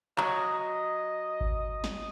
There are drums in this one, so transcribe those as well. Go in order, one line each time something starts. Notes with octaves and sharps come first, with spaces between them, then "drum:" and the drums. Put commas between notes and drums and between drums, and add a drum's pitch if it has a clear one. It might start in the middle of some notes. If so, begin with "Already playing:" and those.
F#3 D#5 A#5 D#6, drum: clap
drum: kick G#1
drum: snare